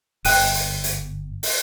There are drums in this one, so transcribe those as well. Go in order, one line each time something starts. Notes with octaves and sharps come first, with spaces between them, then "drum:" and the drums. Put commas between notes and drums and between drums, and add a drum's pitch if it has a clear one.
G1 G5 F#6 D#7, drum: open hi-hat
drum: hi-hat
drum: hi-hat
drum: open hi-hat